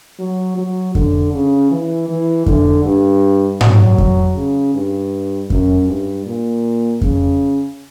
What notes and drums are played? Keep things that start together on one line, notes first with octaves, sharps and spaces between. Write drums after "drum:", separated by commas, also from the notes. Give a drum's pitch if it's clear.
F#3
F#3
D3, drum: kick F2
C#3
E3
E3
D3, drum: kick F2
G2
F#3, drum: tom G#2
drum: kick F2
C#3
G2
F#2, drum: kick F2
G2
A#2
C#3, drum: kick F2